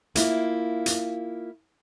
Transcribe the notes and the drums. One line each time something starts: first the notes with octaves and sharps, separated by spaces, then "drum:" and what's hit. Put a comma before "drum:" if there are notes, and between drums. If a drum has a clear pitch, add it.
A#3 E4 F4, drum: hi-hat
drum: hi-hat